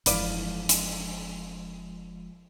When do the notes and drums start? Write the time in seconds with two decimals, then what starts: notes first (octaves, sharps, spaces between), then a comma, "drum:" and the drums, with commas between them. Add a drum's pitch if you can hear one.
0.06 F1 G2 E3 F3 G#3 B4 D5 F5, drum: hi-hat
0.69 drum: hi-hat